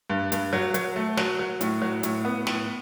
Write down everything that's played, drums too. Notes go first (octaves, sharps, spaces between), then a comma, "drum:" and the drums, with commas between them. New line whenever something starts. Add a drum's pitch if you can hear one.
G2
G2, drum: hi-hat
F#3
F#3, drum: hi-hat
A3
F#3, drum: snare
F#3
A2, drum: hi-hat
F#3
A2, drum: hi-hat
B3
A2, drum: snare